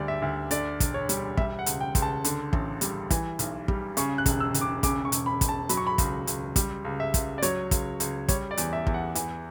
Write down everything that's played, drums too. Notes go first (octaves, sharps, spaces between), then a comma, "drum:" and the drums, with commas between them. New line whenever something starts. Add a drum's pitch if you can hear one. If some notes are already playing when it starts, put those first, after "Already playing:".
Already playing: D2 G3 D5
E5
D2
D3 D5, drum: hi-hat
E1, drum: kick, hi-hat
C#5
G3, drum: hi-hat
G3 E5, drum: kick
F#5
C#2, drum: hi-hat
G5
C#2, drum: kick, hi-hat
A5
D3, drum: hi-hat
A1, drum: kick
G3, drum: hi-hat
E3, drum: kick, hi-hat
B1, drum: hi-hat
G3, drum: kick
C#3 C#6, drum: hi-hat
F#6
E1, drum: kick, hi-hat
E6
E1, drum: hi-hat
D6
C#3 D6, drum: kick, hi-hat
C#6
E1, drum: hi-hat
B5
E1, drum: kick, hi-hat
A5
F#3 B5, drum: hi-hat
C#6
B5
C#2, drum: kick, hi-hat
C#2, drum: hi-hat
G3, drum: kick, hi-hat
C#2
E5
C#2, drum: kick, hi-hat
D5
F#3 C#5, drum: hi-hat
C#2, drum: kick, hi-hat
C#2, drum: hi-hat
G3 C#5, drum: kick, hi-hat
D5
E2, drum: hi-hat
E5
E2, drum: kick
F#5
E3, drum: hi-hat